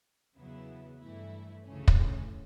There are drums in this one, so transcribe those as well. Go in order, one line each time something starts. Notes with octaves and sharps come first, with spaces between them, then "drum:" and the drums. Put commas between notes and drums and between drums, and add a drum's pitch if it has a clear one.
E2 C#3 F#3 B3 E4
G2 E3 A3 E4
D2 C#3 E3 A3 C#4
drum: kick